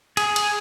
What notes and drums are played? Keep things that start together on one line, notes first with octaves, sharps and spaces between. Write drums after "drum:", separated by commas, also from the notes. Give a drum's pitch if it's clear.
G#4, drum: cymbal
drum: cymbal